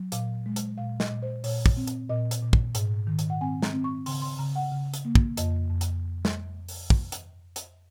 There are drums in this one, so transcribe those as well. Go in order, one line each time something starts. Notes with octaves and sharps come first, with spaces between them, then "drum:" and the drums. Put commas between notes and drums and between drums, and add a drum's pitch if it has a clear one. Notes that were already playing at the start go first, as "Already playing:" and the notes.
Already playing: F#3
A#2 F5, drum: hi-hat
G#3
drum: hi-hat
A#2 F5
D#5, drum: snare
A#2
C5
A#2 C#5, drum: open hi-hat
drum: kick
C4
drum: hi-hat
A#2 D#5
drum: hi-hat
A#2
drum: kick
G#2, drum: hi-hat
D#3
drum: hi-hat
F#5
C4 G#5
A#5, drum: snare
C4
C#6
C#3 C6, drum: open hi-hat
C6
C#3 A#5
F#5
C#3
drum: hi-hat
A#3
drum: kick
F2 D#5, drum: hi-hat
F2
drum: hi-hat
drum: snare
drum: open hi-hat
drum: kick
drum: hi-hat
drum: hi-hat